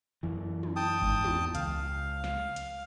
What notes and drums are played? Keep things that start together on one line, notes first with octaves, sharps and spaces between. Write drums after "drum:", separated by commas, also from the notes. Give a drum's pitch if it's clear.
F#2 E3
drum: tom
G5 A5 D#6
G#2, drum: kick G1
E2, drum: tom
C#2 F5, drum: hi-hat
drum: snare
drum: hi-hat